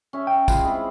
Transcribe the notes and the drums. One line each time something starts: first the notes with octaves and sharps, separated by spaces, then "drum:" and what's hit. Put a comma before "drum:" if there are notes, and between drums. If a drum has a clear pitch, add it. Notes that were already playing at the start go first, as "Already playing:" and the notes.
C#4 E5
G5
G#3 F4 B4, drum: kick, tambourine
C4 E4 G#4